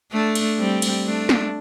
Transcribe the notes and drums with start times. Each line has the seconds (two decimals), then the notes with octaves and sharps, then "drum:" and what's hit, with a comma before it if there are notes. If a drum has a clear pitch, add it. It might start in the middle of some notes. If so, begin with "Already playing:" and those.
0.12 A3 D4
0.35 drum: cymbal
0.59 G3 C4
0.82 drum: cymbal
1.06 A3 D4
1.29 drum: snare